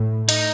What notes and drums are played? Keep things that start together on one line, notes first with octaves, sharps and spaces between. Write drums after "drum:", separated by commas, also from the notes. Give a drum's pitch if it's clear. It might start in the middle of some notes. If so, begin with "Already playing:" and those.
Already playing: A2
D#4, drum: cymbal